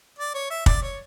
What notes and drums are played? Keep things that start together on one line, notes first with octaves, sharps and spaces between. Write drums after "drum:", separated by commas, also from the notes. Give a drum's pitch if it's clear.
D5
C#5
E5
D5, drum: kick
C#5